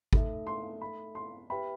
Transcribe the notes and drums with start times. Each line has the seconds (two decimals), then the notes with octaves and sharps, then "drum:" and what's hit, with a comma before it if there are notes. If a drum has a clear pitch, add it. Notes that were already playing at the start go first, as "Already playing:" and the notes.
0.13 A3 D#4 A4 E5, drum: kick G#1
0.47 C6
0.81 B5
1.15 C6
1.50 G4 B4 E5 G5 B5